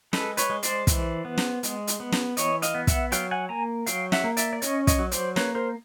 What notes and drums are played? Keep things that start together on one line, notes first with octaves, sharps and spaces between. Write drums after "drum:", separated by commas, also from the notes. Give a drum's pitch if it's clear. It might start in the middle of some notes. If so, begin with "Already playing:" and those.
G#3 A4 B4, drum: snare
B4 C#5, drum: hi-hat
G#3
C5 D5, drum: hi-hat
E3, drum: kick, hi-hat
B3
drum: snare
G#3, drum: hi-hat
drum: hi-hat
B3
drum: snare
E3 C#5 D#5, drum: hi-hat
D#5 F5, drum: hi-hat
B3
E5 F#5, drum: kick, hi-hat
F#3 F5 G5, drum: hi-hat
F#5 G#5
A#3 G#5 A#5
F#3 F5 G5, drum: hi-hat
E5 F#5, drum: snare
A#3
D5 E5, drum: hi-hat
D5
C#4 C#5 D#5, drum: hi-hat
C#5 D#5, drum: kick, hi-hat
F#3
C5 D5, drum: hi-hat
A#3 B4 C#5, drum: snare
A#4 C5